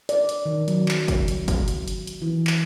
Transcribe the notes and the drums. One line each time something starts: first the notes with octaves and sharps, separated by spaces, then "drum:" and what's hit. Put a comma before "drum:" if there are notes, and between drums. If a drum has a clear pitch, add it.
D5, drum: hi-hat
drum: hi-hat
D#3
F#3, drum: hi-hat
drum: clap
drum: kick, hi-hat
drum: hi-hat
drum: kick, hi-hat
drum: hi-hat
drum: hi-hat
drum: hi-hat
E3
drum: clap